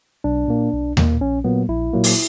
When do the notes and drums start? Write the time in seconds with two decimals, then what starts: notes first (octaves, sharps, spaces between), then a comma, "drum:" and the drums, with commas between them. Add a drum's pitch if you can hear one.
0.24 B1 D4
0.48 A#2 A#3
0.72 B1
0.97 A#2 A#3, drum: tom D#2
1.21 A#1 C#4
1.44 A#2 F#3 A#3 B3
1.69 A#1 E4
1.93 A#2 F#3 A#3
2.04 drum: open hi-hat